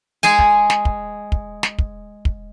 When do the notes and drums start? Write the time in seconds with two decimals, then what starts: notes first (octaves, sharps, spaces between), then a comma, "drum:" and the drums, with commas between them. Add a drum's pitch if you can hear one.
0.23 G#3 G#4 G#5
0.39 drum: kick
0.70 drum: snare
0.85 drum: kick
1.32 drum: kick
1.63 drum: snare
1.79 drum: kick
2.25 drum: kick